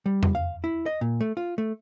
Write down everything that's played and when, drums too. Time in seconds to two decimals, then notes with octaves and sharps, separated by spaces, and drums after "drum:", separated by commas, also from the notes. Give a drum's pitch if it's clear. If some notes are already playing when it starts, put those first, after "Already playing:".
0.06 G3
0.23 drum: tom E2
0.35 F5
0.64 E4
0.86 D#5
1.01 A#2
1.21 A3
1.37 F4
1.58 A3